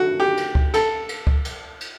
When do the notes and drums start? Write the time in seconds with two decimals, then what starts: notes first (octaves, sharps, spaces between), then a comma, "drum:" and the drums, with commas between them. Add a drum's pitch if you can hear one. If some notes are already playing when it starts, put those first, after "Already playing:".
Already playing: F#4
0.20 G4
0.37 drum: cymbal
0.55 drum: kick C#2
0.74 A4, drum: cymbal
1.09 drum: cymbal
1.27 drum: kick C#2
1.45 drum: cymbal
1.81 drum: cymbal